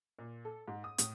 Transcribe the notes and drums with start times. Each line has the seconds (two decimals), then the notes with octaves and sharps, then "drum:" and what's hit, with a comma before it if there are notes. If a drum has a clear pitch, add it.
0.19 A#2
0.45 A4
0.68 G#2
0.84 D#6
0.98 A2, drum: hi-hat